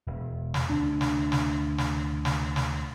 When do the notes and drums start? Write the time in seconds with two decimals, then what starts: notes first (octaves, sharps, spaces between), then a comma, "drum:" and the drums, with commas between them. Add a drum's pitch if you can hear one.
0.07 E1
0.54 drum: snare
0.70 D2 D4
1.01 drum: snare
1.32 drum: snare
1.78 drum: snare
2.25 drum: snare
2.56 drum: snare